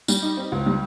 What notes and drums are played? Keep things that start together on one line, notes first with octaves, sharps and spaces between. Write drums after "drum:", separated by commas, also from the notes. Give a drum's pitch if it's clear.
G3, drum: tambourine
D#4
C4
C#2
G3